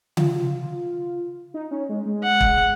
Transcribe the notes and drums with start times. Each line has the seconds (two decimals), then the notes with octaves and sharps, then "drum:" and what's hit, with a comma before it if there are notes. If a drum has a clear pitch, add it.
0.17 F4, drum: tom C#3
0.36 F4
1.54 D#4
1.71 C#4
1.89 G#3
2.06 G#3
2.23 F#5
2.41 drum: kick